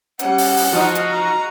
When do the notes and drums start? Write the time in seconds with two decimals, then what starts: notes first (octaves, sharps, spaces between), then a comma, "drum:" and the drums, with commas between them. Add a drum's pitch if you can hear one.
0.19 G3 C#4 F#5, drum: hi-hat
0.38 drum: open hi-hat
0.57 drum: open hi-hat
0.72 F3 D#4 F#4 D#5 F5
0.95 drum: hi-hat
1.10 A#5